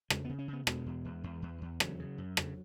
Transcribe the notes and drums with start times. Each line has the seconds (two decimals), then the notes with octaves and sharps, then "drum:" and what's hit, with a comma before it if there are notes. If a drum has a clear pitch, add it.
0.10 C#3 G#3, drum: rim click
0.25 C#3 B3
0.39 C#4
0.48 C#3
0.53 B3
0.67 B2 G#3, drum: rim click
0.86 E2
1.05 E2
1.24 E2
1.42 E2
1.62 E2
1.80 C#3 F#3, drum: rim click
2.00 C#3
2.18 F#2
2.37 C#3, drum: rim click